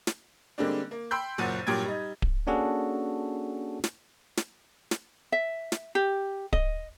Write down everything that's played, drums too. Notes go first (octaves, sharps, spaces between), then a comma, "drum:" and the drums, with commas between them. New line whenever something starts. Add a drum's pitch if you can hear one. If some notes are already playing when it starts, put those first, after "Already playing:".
drum: snare
D3 G3 G#3 A#3 C4 D4
A#3
G5 B5 C6 E6 G6
F#1 A#2 F#3 F#5 A6 D#7
G2 A#2 F#3 G4 G5 G#6
G3 D#4
drum: kick D1
A#3 C#4 D4 F#4 G#4 A4
drum: snare
drum: snare
drum: snare
E5
drum: snare
G4
D#5, drum: kick D1